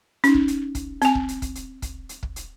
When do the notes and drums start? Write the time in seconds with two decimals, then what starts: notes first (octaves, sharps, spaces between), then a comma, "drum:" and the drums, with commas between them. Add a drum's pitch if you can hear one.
0.24 C#4 D#4, drum: hi-hat
0.34 drum: kick
0.48 drum: hi-hat
0.75 drum: kick, hi-hat
1.02 C4 G#5, drum: hi-hat
1.15 drum: kick
1.28 drum: hi-hat
1.42 drum: kick, hi-hat
1.55 drum: hi-hat
1.82 drum: kick, hi-hat
2.09 drum: hi-hat
2.23 drum: kick
2.36 drum: hi-hat